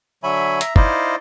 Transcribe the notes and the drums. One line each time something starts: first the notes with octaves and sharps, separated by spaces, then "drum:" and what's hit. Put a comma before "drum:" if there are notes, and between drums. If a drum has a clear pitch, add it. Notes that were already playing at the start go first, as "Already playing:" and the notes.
D3 F#3 C#5 E5 G#5 B5
E5 A#5, drum: hi-hat
D#4 E4 C5 D5 D#5 F5, drum: kick G1